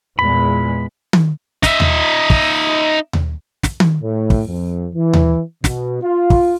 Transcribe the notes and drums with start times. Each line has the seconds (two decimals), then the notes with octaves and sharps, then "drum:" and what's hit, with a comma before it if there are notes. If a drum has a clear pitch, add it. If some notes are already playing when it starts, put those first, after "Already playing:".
0.19 E2 A#2 G#3 B5
1.13 drum: tom D#3
1.63 D#4 E5, drum: snare
1.80 drum: tom D#2
2.30 drum: kick
3.13 drum: tom D#2
3.63 drum: snare
3.80 drum: tom D#3
4.02 A2
4.30 drum: kick
4.47 F2
4.95 E3
5.13 drum: tom D#2
5.64 B2, drum: snare
6.02 F4
6.30 drum: kick